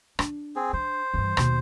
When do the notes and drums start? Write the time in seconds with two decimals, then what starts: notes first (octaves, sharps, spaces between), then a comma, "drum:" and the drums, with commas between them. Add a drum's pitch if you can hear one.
0.19 D4, drum: rim click
0.56 C4 G#4
0.73 D4 C5
1.14 G2 E3
1.37 D#2 B2, drum: rim click